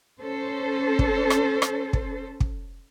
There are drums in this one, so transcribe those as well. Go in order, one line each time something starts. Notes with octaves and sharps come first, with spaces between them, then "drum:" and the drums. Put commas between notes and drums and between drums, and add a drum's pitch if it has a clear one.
C#4 A4 C5
drum: kick
drum: rim click
drum: rim click
drum: kick
drum: kick